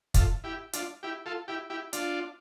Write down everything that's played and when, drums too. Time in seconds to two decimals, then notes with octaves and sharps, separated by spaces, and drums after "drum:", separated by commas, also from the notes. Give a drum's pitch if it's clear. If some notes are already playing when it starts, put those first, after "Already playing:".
0.14 F4 A4, drum: kick, hi-hat
0.44 E4 G4
0.73 D4 F4, drum: hi-hat
1.03 E4 G4
1.26 F4 A4
1.48 E4 G4
1.70 E4 G4
1.93 D4 F4, drum: hi-hat